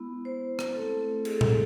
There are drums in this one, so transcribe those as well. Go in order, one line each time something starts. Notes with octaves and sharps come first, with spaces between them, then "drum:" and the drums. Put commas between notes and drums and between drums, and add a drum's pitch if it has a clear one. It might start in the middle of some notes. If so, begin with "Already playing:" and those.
Already playing: G#3 B3 E4
C5
drum: rim click
A3 C4 E4 A4
G#4, drum: cymbal
A4
G#4, drum: tom A#2